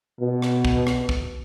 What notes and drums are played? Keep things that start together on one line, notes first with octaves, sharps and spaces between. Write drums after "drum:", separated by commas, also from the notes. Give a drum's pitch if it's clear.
B2
drum: rim click
drum: kick
drum: rim click
drum: kick